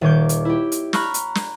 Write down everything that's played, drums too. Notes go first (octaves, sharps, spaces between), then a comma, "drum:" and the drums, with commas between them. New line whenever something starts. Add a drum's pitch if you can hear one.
D#1 D#3 C#5 D6 G6
drum: hi-hat
E4 G4
drum: hi-hat
A#5 B5 C#6 F6 F#6 A#6, drum: snare
drum: hi-hat
drum: snare